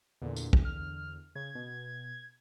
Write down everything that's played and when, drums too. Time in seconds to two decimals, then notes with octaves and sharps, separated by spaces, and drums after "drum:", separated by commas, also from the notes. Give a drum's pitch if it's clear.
0.22 E2 A#2 D3
0.36 drum: tambourine
0.53 drum: kick
0.65 F6
1.35 C#3 G#6
1.55 B2